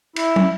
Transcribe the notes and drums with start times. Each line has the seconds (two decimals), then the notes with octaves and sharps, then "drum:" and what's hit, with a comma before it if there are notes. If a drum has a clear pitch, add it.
0.16 E4, drum: cymbal
0.36 drum: tom